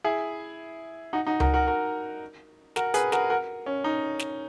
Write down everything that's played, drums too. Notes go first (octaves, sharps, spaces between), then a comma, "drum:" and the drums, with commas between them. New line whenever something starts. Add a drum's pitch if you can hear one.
E4 G#4
D#4 F#4
D#4 F#4
F#4 A#4, drum: tom C#2
F#4 A#4
F#4 A#4
F#4 A#4, drum: snare
G#4 B4, drum: hi-hat
F#4 A#4, drum: snare
F#4 A#4
C#4
D#4
drum: snare